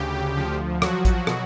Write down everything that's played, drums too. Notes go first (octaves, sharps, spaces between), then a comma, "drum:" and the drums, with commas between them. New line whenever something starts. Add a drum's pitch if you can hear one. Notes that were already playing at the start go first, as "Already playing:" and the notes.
Already playing: D2 C#3 G4
F3
F#3 F#4, drum: rim click
drum: kick A1, hi-hat
B2, drum: rim click